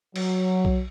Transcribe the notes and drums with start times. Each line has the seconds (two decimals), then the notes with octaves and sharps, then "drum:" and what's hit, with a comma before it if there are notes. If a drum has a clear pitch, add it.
0.16 F#3, drum: cymbal
0.65 drum: kick B1